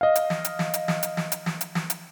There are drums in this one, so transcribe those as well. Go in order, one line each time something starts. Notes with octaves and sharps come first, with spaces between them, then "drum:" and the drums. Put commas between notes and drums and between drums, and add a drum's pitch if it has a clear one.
D#5 F5
drum: hi-hat
drum: snare
drum: hi-hat
drum: snare
drum: hi-hat
drum: snare
drum: hi-hat
drum: snare
drum: hi-hat
drum: snare
drum: hi-hat
drum: snare
drum: hi-hat